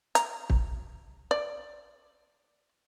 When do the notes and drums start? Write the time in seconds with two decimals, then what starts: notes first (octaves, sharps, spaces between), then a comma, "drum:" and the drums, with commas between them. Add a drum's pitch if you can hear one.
0.15 A#5, drum: hi-hat
0.50 drum: kick
1.31 D5